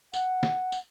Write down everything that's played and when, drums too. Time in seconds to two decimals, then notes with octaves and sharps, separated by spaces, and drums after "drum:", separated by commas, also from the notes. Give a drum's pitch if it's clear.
0.13 F#5, drum: tambourine
0.43 drum: snare
0.72 drum: tambourine